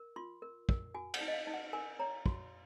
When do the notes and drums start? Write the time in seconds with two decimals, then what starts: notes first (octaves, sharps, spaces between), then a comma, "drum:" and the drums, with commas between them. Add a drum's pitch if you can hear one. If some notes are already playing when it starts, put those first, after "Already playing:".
Already playing: A#4
0.16 F4 C6
0.42 A#4
0.69 A#4, drum: kick
0.94 F#4 G#5
1.14 F#5, drum: cymbal
1.21 D#4
1.28 D#5
1.34 F5
1.47 D#4
1.54 F#5
1.73 A#4 G#5
1.99 C#5 A#5
2.26 F#4 C6, drum: kick